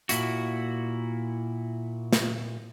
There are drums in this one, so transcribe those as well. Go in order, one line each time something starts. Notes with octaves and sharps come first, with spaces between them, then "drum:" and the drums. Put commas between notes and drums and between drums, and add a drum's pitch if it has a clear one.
A#2 E4 F#4, drum: hi-hat
drum: snare